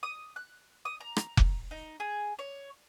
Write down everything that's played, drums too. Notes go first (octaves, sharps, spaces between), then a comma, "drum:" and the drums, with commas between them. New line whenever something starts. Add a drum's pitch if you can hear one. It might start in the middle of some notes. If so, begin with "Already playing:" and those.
D#6
F#6
D#6
A#5
drum: rim click
drum: kick F1
D#4
G#4
C#5